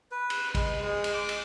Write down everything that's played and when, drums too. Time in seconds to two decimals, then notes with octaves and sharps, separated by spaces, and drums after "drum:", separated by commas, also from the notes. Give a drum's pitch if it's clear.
0.11 B4
0.30 drum: cymbal
0.55 G#3, drum: kick, cymbal
0.83 G#3
1.04 drum: cymbal
1.14 D6
1.29 drum: cymbal